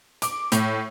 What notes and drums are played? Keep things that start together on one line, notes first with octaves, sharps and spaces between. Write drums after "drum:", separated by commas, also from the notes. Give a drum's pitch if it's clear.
D6, drum: hi-hat
A2, drum: hi-hat